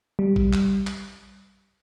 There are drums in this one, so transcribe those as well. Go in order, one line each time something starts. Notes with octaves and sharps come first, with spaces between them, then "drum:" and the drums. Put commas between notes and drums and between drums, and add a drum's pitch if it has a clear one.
G3
drum: kick
drum: clap
drum: clap